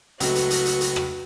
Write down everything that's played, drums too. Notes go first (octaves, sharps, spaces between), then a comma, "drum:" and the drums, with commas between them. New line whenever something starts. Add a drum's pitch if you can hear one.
C#2 F#3 A3 F#4 B4, drum: hi-hat
drum: hi-hat
drum: hi-hat
drum: hi-hat
drum: hi-hat
drum: rim click